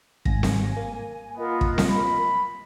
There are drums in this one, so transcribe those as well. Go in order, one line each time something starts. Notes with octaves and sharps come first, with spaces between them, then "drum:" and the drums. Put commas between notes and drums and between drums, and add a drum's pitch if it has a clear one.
G#1 G#5 A#6, drum: kick
drum: snare C4
A#3
B3 F4 A#4 D#5
drum: kick
drum: snare C4
B5